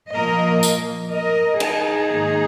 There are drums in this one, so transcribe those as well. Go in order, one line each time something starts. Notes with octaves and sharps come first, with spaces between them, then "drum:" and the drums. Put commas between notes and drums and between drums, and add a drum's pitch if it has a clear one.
A#2 F3 A#3 A#4 D#5
drum: tambourine
A#4 D#5
D#4 G#4, drum: cymbal
G#2 D#3 A#3